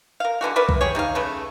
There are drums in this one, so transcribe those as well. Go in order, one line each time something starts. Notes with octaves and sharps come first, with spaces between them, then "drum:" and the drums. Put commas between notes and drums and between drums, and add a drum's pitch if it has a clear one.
A#4 F5
B2 D3 E3 F#4
A#4 B4 D5 E5
drum: kick C2
G4 G#4 C#5
G3 D#4 B4 F5
C#3 A3 B4